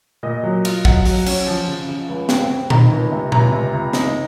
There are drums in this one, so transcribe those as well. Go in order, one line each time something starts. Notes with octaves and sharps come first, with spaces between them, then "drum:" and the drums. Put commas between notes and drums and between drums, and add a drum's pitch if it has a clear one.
A#2 D#5
F#3
F4, drum: cymbal
F#3 F#5, drum: kick
F#3, drum: open hi-hat
C#4, drum: cymbal
F3
C#3
C#3
C#2
C4, drum: snare
C4
D#3 A#5, drum: tom A#2
C#2
C3
C#2 A#5, drum: tom A#2
C3
C#2
D#4, drum: snare